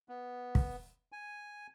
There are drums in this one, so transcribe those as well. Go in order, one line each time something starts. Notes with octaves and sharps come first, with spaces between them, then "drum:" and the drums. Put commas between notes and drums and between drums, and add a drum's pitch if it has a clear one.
B3
drum: kick
G#5